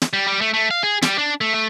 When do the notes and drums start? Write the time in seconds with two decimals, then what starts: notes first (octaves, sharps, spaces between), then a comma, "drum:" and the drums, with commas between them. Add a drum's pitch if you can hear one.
0.02 drum: snare
0.13 G3
0.27 G3
0.41 A3
0.54 A3
0.71 F5
0.83 G#4
1.02 G3, drum: snare
1.18 D4
1.41 A3
1.54 A3